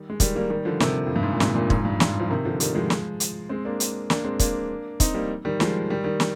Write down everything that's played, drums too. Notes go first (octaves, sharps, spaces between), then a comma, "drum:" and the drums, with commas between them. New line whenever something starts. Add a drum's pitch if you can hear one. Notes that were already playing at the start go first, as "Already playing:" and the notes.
Already playing: D#3 G3
G#3
D#3 G3, drum: kick, hi-hat
G3 A#3
D#3 G3
D3 F3
C3 D#3, drum: snare
F2
G2
G#2
A#2
G#2 C3, drum: snare
G2 A#2
F2 G#2, drum: kick
G2
G2, drum: snare
F3
C3 D#3
D3 F3
D#3 G3, drum: hi-hat
F3 G#3
drum: snare
drum: hi-hat
G#3 C4
A#3 D4
drum: hi-hat
A#3 D4, drum: snare
G#3 C4
A#3 D4, drum: kick, hi-hat
C4 D#4, drum: kick, hi-hat
G3 A#3
D#3 G3
F3 G#3, drum: snare
D#3 G3
D#3 G3
drum: snare